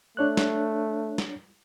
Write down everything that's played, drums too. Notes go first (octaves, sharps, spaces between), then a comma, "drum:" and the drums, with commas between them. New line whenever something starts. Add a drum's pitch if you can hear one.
A3 D4 C#5 F#6
drum: snare
drum: snare